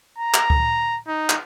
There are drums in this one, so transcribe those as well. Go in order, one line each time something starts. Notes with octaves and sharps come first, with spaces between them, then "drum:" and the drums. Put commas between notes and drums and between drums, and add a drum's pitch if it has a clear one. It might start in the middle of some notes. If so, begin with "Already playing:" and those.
A#5
drum: clap
drum: kick C#2
D#4
drum: clap